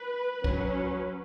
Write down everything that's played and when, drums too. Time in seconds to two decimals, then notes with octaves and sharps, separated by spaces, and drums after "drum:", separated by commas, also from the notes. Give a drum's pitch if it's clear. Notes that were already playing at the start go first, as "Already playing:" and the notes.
Already playing: B4
0.44 F#3 C#4, drum: kick